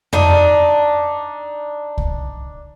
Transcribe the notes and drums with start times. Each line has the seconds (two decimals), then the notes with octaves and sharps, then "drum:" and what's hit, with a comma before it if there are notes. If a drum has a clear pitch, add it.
0.13 D4 D#4, drum: tom F2
1.98 drum: kick C2